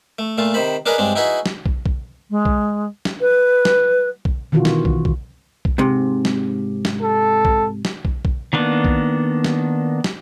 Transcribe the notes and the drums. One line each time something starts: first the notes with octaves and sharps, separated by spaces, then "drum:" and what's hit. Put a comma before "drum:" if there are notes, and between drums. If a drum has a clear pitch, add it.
A3
A#2 A3 F4
C3 D#3 C5 B5
D4 G#4 A#4 B4 D#5
G2 G#3 C4 D4
D#4 E4 F#4 G#4 B4 D#5
drum: snare
drum: kick
drum: kick
G#3
drum: kick
drum: snare
B4
drum: snare
drum: kick
B2 D#3 E3 F4 F#4
drum: snare
drum: kick
drum: kick
drum: kick
G#2 C3
drum: snare
drum: snare
A4
drum: kick
drum: snare
drum: kick
drum: kick
D#3 A#3 B3 D4
drum: kick
drum: snare
drum: snare